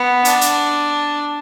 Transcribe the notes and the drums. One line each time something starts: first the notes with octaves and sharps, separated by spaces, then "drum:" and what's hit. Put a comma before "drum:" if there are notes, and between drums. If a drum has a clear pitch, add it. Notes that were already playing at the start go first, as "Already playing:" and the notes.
Already playing: B3
D4, drum: hi-hat
drum: hi-hat